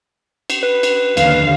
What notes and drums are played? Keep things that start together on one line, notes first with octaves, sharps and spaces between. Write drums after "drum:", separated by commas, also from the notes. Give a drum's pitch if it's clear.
drum: cymbal
B4
drum: cymbal
D#2 D3 F5, drum: cymbal